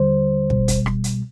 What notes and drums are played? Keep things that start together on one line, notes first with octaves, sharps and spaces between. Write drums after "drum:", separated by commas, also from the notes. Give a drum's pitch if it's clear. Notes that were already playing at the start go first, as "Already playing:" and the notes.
Already playing: D#2 D3 G3 C5
C2 B2 G3, drum: kick
drum: kick, hi-hat
drum: rim click
drum: hi-hat